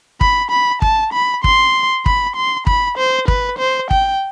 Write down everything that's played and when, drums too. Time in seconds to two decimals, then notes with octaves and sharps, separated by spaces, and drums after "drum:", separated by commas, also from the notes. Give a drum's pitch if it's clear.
0.21 B5, drum: kick
0.51 B5
0.82 A5, drum: kick
1.13 B5
1.44 C6, drum: kick
2.06 B5, drum: kick
2.36 C6
2.67 B5, drum: kick
2.98 C5
3.28 B4, drum: kick
3.59 C5
3.91 G5, drum: kick